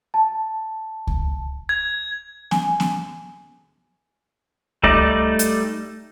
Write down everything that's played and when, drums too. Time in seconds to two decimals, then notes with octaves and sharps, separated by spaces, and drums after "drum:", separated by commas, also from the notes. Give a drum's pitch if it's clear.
0.14 A5
1.07 drum: kick C#2
1.69 G#6
2.51 G#5, drum: snare B3
2.80 drum: snare B3
4.84 G3 A3 D#4 D5, drum: kick C#2
5.39 drum: hi-hat